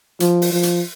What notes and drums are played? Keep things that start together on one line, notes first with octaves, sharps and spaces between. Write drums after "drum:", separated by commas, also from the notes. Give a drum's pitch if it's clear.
F3, drum: hi-hat
drum: open hi-hat
F3
drum: hi-hat